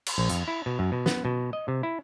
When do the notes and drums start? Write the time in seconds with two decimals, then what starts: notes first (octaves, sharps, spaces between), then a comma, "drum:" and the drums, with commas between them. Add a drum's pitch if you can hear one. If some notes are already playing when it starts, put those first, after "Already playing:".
0.06 drum: cymbal
0.18 A#1
0.29 F2, drum: hi-hat
0.48 E4
0.66 B2
0.79 F#2
0.92 B2
1.06 B3, drum: snare
1.25 B2
1.53 D#5
1.68 C3
1.83 E4